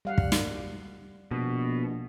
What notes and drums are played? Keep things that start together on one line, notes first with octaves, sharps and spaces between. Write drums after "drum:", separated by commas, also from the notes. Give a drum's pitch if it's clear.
G3 F5 F#5
drum: kick
drum: snare
A#1 B2